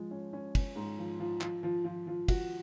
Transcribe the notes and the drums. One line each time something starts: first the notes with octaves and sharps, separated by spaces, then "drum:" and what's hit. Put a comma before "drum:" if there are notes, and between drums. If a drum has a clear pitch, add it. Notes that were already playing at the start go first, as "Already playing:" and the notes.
Already playing: F3 G#3
C#4
C#4
C#4, drum: kick, cymbal
G#2
F3
F3
F3, drum: clap
F3
F3
F3
F#4, drum: kick, cymbal